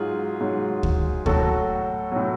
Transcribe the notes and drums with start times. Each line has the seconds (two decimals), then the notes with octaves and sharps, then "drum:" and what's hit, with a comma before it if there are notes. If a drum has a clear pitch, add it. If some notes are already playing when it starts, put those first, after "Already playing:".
Already playing: G#2 F#3 F4 G#4
0.40 G#2 F#3
0.83 drum: kick
1.26 A2 F#3 F#4 A4, drum: kick
2.12 A2 F#3